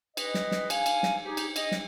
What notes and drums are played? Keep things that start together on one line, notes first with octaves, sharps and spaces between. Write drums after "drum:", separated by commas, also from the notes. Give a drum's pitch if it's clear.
B4 D#5, drum: cymbal
drum: snare
drum: snare
F5 G#5, drum: cymbal
drum: cymbal
drum: snare
D#4 G4 G#4
drum: cymbal
D#5, drum: cymbal
drum: snare